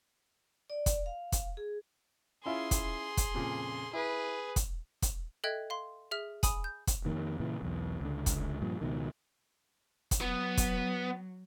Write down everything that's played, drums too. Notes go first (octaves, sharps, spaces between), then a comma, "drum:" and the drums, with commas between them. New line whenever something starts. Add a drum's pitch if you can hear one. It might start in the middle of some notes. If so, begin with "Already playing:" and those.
D5
drum: kick, hi-hat
F5
drum: kick, hi-hat
G#4
C#4 E4 F4 G#4 C6
drum: kick, hi-hat
drum: kick, hi-hat
F2 A#2 C#3
E4 G#4 B4
drum: kick, hi-hat
drum: kick, hi-hat
A4 D#5 E5 G5 F#6 G#6
F5 C6
G#4 E5 F6
G#5 B5 D#6, drum: kick, hi-hat
G6
drum: kick, hi-hat
F2 D#3 A#3
A#2 C#3 E3
B1 E2
C#2 D3
drum: kick, hi-hat
G2 A#2 F3
C#2 B2 D#3
drum: kick, hi-hat
F#3 B3
drum: kick, hi-hat